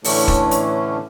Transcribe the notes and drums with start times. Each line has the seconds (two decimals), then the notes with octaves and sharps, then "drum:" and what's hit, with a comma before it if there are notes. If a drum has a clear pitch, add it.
0.04 A2 D3 E3 A3 C#4 D4, drum: open hi-hat
0.28 drum: kick
0.51 drum: hi-hat